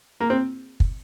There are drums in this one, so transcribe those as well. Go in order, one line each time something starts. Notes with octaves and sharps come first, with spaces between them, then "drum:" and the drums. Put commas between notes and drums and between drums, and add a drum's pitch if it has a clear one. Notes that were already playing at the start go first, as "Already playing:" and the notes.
A#3
C4
drum: kick